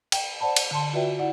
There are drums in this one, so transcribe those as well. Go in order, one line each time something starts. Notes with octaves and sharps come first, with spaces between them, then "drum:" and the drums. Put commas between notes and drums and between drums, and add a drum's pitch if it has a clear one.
G5, drum: cymbal
C5 D5 F#5 A5 B5
drum: cymbal
D3 A5 C6
F4 F#4 B4 D5 E5 G5
E4 D5 F#5